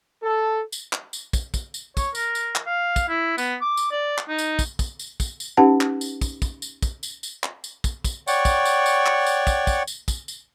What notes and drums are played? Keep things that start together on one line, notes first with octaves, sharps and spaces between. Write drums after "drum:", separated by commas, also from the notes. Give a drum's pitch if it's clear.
A4
drum: tambourine
drum: clap
drum: tambourine
drum: kick, tambourine
drum: kick, tambourine
drum: tambourine
C#5, drum: kick, tambourine
A#4, drum: tambourine
drum: tambourine
drum: clap
F5
drum: kick, tambourine
E4
B3, drum: tambourine
D6
drum: tambourine
D5
drum: clap
D#4
drum: tambourine
drum: kick, tambourine
drum: kick, tambourine
drum: tambourine
drum: kick, tambourine
drum: tambourine
C#4 D#4 G4 B4 F#5 A5
drum: clap
drum: tambourine
drum: kick, tambourine
drum: kick, tambourine
drum: tambourine
drum: kick, tambourine
drum: tambourine
drum: tambourine
drum: clap
drum: tambourine
drum: kick, tambourine
drum: kick, tambourine
C#5 D5 F#5 G5 C#6, drum: tambourine
drum: kick, tambourine
drum: tambourine
drum: tambourine
drum: clap
drum: tambourine
drum: kick, tambourine
drum: kick, tambourine
drum: tambourine
drum: kick, tambourine
drum: tambourine